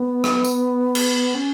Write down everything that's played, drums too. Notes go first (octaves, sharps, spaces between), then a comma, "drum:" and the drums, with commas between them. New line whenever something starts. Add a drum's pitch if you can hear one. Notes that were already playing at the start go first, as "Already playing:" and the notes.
Already playing: B3
drum: rim click
drum: tambourine
drum: cymbal
C#4